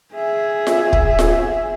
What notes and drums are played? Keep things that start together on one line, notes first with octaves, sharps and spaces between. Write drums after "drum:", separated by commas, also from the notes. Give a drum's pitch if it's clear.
G#4 E5
drum: snare F4
drum: kick
drum: snare F4